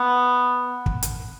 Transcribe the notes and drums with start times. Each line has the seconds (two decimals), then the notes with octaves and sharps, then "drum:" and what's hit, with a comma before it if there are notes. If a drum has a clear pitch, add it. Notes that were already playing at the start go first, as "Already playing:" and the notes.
Already playing: B3
0.86 drum: kick
1.03 drum: hi-hat